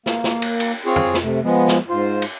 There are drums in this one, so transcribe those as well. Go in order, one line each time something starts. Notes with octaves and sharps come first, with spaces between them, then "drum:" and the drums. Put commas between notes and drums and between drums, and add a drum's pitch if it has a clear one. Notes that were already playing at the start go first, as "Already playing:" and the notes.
A#3, drum: snare
drum: snare
drum: cymbal
drum: cymbal
C4 F4 G#4 C#5
drum: tom
drum: snare
C3 A3
F3 G#3 B3
drum: snare
G#2 F4 C5
drum: cymbal